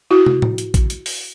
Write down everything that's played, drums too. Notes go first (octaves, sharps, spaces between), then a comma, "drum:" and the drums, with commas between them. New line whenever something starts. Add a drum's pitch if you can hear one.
E4 F#4
drum: tom
drum: tom A2
drum: hi-hat
drum: kick A1, hi-hat
drum: hi-hat
drum: open hi-hat